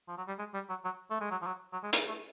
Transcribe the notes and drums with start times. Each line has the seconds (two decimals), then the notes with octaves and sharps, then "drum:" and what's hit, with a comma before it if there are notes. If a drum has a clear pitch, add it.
0.08 F3
0.18 F#3
0.28 G3
0.39 G#3
0.54 G3
0.69 F#3
0.84 F#3
1.11 A3
1.21 G#3
1.31 F#3
1.42 F3
1.47 F#3
1.73 F#3
1.83 G#3
1.93 A#3, drum: hi-hat
2.08 A3